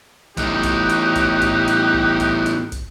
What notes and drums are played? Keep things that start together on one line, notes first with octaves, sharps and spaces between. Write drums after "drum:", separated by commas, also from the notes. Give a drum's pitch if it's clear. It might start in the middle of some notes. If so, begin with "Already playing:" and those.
E2 A2 D#4 G4 F#6, drum: kick, hi-hat
drum: kick, hi-hat
drum: hi-hat
drum: kick, hi-hat
drum: kick, hi-hat
drum: hi-hat
drum: kick
drum: kick, hi-hat
drum: hi-hat
drum: kick, hi-hat